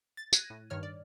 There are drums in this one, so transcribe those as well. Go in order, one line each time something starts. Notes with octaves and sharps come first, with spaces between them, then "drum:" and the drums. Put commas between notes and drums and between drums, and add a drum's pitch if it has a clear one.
A6
F#6 G#6 A#6 D#7, drum: tambourine
A2
G2 D#3 C#5 F6
D5